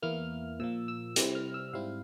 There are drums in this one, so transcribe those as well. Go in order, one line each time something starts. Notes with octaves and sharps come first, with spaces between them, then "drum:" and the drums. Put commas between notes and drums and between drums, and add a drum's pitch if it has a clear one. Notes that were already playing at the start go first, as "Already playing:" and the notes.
E2 E3 A#3 E4 F6
A#2 F3 A#3 E6
E6
C3 G3 C4 E4, drum: hi-hat
F6
E6
G#2 G3 C4 E4 F5